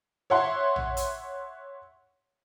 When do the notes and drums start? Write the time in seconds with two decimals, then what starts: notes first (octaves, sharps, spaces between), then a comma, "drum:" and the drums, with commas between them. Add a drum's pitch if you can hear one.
0.30 C#5 E5 F#5 C6
0.76 drum: tom
0.97 drum: hi-hat